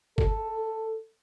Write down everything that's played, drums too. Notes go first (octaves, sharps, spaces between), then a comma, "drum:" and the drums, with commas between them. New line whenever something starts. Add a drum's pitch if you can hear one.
A4, drum: kick G1